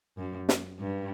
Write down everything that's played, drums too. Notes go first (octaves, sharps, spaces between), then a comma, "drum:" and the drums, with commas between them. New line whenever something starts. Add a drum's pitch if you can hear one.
F#2
drum: snare
G2